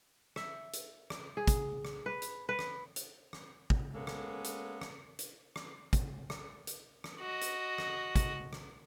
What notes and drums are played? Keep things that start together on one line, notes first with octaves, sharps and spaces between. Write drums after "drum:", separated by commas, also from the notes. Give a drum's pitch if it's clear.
E5, drum: rim click
drum: hi-hat
drum: rim click
G#4
drum: kick, hi-hat
drum: rim click
B4
drum: hi-hat
B4
drum: rim click
drum: hi-hat
drum: rim click
drum: kick
G#3 A#3 B3 C#4 A4
drum: rim click
drum: hi-hat
drum: rim click
drum: hi-hat
drum: rim click
drum: kick, hi-hat
drum: rim click
drum: hi-hat
drum: rim click
F#4 D#5
drum: hi-hat
drum: rim click
drum: kick, hi-hat
drum: rim click